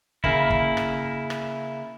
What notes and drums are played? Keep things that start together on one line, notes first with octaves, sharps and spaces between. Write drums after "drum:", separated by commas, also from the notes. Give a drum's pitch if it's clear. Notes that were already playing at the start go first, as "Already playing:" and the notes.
C#3 A#3 E4, drum: kick
drum: kick
drum: rim click
drum: rim click